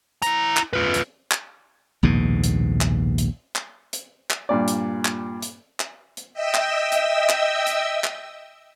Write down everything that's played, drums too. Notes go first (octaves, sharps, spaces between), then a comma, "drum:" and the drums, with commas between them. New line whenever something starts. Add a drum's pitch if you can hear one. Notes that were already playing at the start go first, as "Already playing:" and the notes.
E4 A#5, drum: hi-hat
drum: clap
F4 B4
drum: hi-hat
drum: clap
A#1 D#2 G#2 B2
drum: hi-hat
drum: clap
drum: hi-hat
drum: clap
drum: hi-hat
drum: clap
G2 A#2 D5
drum: hi-hat
drum: clap
drum: hi-hat
drum: clap
drum: hi-hat
D#5 E5 G5 E6
drum: clap
drum: hi-hat
drum: clap
drum: hi-hat
drum: clap